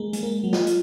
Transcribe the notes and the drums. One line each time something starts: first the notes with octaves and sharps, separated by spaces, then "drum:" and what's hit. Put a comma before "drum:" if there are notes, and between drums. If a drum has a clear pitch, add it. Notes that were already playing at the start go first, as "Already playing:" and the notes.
Already playing: G#3 A#3
G#3, drum: hi-hat
A#3
F#3
F4, drum: snare
drum: hi-hat